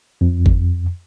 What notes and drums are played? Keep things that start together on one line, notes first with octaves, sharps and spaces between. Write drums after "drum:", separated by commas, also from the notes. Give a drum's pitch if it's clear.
F2
drum: kick G1